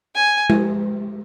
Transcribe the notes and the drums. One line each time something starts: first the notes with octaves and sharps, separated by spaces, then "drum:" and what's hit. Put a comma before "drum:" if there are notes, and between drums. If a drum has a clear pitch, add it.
G#5
drum: tom G#3